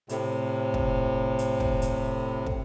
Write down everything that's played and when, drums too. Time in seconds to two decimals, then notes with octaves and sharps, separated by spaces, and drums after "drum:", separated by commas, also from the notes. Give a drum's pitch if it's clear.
0.09 A2 C3, drum: hi-hat
0.74 drum: kick
1.39 drum: hi-hat
1.60 drum: kick
1.82 drum: hi-hat
2.46 drum: kick